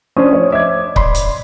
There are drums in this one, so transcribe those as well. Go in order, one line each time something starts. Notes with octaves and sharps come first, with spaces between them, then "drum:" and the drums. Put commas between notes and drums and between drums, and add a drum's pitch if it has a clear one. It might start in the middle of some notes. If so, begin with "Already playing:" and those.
F3 C#4 D4 C5 D#6
C#5
D#5 E5 D6 G#6
D5 B5 C6, drum: kick C#1
drum: hi-hat